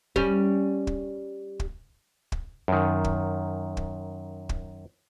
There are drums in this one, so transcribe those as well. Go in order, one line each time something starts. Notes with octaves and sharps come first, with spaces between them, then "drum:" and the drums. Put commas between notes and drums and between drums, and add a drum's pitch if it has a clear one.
G3 C#4, drum: kick
drum: kick
drum: kick
drum: kick
F#2 D#3
drum: kick
drum: kick
drum: kick